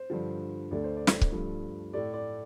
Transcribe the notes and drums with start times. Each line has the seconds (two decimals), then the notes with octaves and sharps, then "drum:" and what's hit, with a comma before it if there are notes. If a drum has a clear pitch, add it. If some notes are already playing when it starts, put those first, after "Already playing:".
Already playing: C5
0.10 G2 D3 F3
0.71 D2 D3 A3 D5
0.84 C5
0.97 D5
1.07 drum: snare
1.21 drum: kick C#1
1.32 G2 F3 A3
1.93 A2 A3 D5
2.13 D5